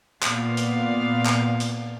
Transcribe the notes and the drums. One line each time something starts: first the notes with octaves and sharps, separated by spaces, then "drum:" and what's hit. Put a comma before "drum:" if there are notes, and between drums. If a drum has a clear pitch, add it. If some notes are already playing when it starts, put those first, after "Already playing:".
A#2 B3 D5 F5, drum: clap
drum: hi-hat
drum: clap
drum: hi-hat